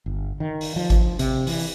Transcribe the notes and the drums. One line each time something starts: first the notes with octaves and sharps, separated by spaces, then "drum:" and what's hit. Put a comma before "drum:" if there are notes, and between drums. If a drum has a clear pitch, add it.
G1
D#3
drum: open hi-hat
F3
drum: kick G#1, hi-hat
C3, drum: hi-hat
E3, drum: open hi-hat